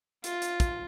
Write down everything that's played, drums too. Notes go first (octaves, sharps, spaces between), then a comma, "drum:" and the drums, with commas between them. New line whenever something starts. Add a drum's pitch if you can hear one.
F4, drum: hi-hat
drum: hi-hat
drum: kick, hi-hat